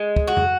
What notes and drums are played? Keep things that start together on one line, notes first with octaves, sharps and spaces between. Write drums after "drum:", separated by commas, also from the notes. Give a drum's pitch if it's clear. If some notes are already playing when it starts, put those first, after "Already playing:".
Already playing: G#3
drum: kick
F#4
drum: tom